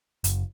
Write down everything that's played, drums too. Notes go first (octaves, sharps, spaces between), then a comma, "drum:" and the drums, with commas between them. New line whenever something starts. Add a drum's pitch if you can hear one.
F#1, drum: hi-hat